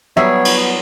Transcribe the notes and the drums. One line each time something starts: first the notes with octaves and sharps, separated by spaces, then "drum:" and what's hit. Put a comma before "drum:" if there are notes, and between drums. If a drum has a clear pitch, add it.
F#3 G3 B3 G#4 C#5 E5
drum: cymbal